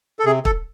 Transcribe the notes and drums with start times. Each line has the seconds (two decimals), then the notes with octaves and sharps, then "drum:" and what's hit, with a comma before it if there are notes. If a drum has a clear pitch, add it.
0.19 A4
0.25 C3 G#4
0.45 A4, drum: kick